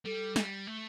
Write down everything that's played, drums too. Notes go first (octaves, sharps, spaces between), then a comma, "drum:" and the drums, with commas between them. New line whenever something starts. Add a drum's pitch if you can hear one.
G3 A4
G3, drum: snare
A3